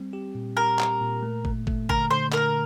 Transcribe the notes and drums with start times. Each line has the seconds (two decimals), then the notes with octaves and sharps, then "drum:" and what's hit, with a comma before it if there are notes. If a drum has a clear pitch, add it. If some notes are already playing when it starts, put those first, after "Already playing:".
Already playing: G3 C4
0.13 G4
0.35 A#2
0.57 G4 A#4
0.79 G4, drum: clap
1.01 A#2
1.23 A3
1.45 A3, drum: kick
1.67 A3, drum: kick
1.89 D3 A#4, drum: kick
2.11 D3 C5
2.32 D3 A#4, drum: clap